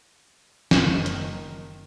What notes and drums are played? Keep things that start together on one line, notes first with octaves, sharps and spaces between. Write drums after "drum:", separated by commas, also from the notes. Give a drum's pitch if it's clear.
F#1 D#3, drum: snare
drum: hi-hat